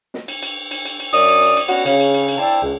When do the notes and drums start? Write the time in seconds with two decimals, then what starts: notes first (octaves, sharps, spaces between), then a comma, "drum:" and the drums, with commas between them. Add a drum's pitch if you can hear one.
0.14 drum: snare
0.28 drum: cymbal
0.43 drum: cymbal
0.71 drum: cymbal
0.85 drum: cymbal
1.00 drum: cymbal
1.13 F#2 C#4 D5 E5 D#6, drum: cymbal
1.28 drum: cymbal
1.43 drum: cymbal
1.57 drum: cymbal
1.68 B3 C#4 D4 F#4, drum: cymbal
1.86 C#3, drum: cymbal
2.00 drum: cymbal
2.14 drum: cymbal
2.28 drum: cymbal
2.38 C4 E4 C5 D5 G5 A5
2.62 C#2